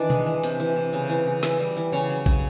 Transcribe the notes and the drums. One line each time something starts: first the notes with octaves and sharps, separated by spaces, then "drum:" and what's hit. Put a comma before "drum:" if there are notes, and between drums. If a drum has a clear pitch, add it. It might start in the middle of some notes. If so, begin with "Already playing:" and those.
Already playing: D#3 E3 D4 D5
G#3, drum: tom B2
E3
C3, drum: hi-hat
E3
C3
C#3
E3
C#3
E3, drum: snare
G3
E3
C#3 C#4 C#5
F#3
C#3, drum: kick G#1